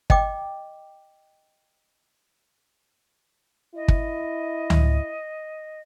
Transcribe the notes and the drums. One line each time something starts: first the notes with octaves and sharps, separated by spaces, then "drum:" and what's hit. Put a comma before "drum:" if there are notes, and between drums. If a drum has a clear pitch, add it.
D#5 G5 D6, drum: kick
E4 D#5
drum: kick
drum: tom C#2